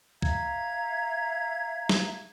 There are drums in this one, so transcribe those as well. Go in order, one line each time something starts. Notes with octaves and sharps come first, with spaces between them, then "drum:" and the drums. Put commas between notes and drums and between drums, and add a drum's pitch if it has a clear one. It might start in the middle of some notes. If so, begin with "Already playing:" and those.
E5 F5 A#5 G#6, drum: kick C2
drum: snare